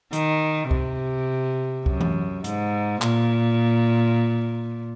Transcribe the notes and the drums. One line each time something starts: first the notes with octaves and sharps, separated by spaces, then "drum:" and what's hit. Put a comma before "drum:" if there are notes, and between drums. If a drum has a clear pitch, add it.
D#3, drum: hi-hat
C3, drum: kick C#2
F#2, drum: kick C#2
drum: tom E3
G#2, drum: hi-hat
A#2, drum: clap